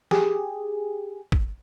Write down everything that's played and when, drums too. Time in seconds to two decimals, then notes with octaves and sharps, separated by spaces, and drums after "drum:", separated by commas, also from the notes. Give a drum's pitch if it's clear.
0.11 G4 G#4, drum: snare
1.32 drum: kick G#1